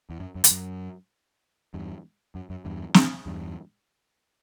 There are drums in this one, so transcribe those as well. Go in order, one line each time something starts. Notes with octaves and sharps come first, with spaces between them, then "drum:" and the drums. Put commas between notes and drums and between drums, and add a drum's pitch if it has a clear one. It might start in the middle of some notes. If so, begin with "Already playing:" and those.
E2
F#2
F#2
E2, drum: hi-hat
F#2
E2 G2
F#2
F#2
E2 G2
drum: snare
E2 G2